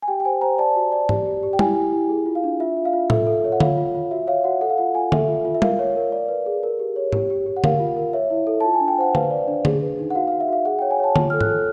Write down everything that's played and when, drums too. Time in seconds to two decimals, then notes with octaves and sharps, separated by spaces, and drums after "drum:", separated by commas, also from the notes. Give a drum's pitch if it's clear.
0.02 G#5
0.08 G4 G5
0.20 G5
0.25 C5 G#5
0.41 C5 A#5
0.58 D5 A5
0.76 F#4
0.92 D5
1.09 G4, drum: tom G#2
1.26 G4
1.43 G4
1.53 G5
1.59 E4 G#5, drum: tom
1.76 E4
1.92 E4
2.09 G#4
2.26 F4
2.35 F5
2.44 D4
2.60 F4 E5
2.77 F4
2.85 F5
2.93 F4
3.10 A4 E5, drum: tom A2
3.27 A4
3.44 C#5
3.52 F#5
3.60 F4 F5, drum: tom D3
3.77 F4
3.95 F4
4.11 F#4 E5
4.27 C#5 F5
4.44 F#4 F#5
4.61 A4 F#5
4.70 F5
4.78 F4 F#5
4.95 F4 G#5
5.12 A4 E5, drum: tom D3
5.28 F4
5.45 F4
5.55 E5
5.62 A#4 F5, drum: tom
5.79 C#5
5.96 A#4
6.12 D5
6.29 B4
6.46 G#4
6.63 A#4
6.79 G4
6.96 C#5
7.12 G4, drum: tom G#2
7.30 G4
7.46 G4
7.57 F#5
7.64 A#4 F5, drum: tom D3
7.80 F4
7.96 A#4
8.13 C#5 E5
8.30 E4
8.47 A4
8.60 F4 A5
8.74 G#5
8.80 D4
8.88 G5
8.98 C5 F#5
9.15 B4 F5, drum: tom D3
9.31 D5
9.48 D4
9.65 G#4, drum: tom D3
9.81 B4
9.99 D#4
10.10 F#5
10.15 F#4 F5
10.27 F5
10.32 F#4
10.40 E5
10.48 F#4 F5
10.65 G#4 F#5
10.79 G5
10.82 C#5
10.91 G#5
10.99 C#5 A5
11.16 F4, drum: tom D3
11.30 A4 F6
11.41 F#6, drum: tom G#2
11.50 A4